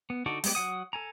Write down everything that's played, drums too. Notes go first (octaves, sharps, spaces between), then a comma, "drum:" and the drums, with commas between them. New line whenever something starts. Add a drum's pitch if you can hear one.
B3
D3 D#4 F#4 A4 D5
G3 G#3 B3 G4, drum: open hi-hat
F#3 F#5 D#6
A4 G#5 A#5